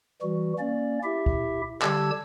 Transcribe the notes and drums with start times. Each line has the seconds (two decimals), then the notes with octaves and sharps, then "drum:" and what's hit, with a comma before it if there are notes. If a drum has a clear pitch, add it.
0.22 E3 G3 F#4
0.59 A#3 C#4 D5
1.04 E4 G4 E5
1.26 drum: kick
1.82 D3 G3 G4 A5 E6 G#6, drum: clap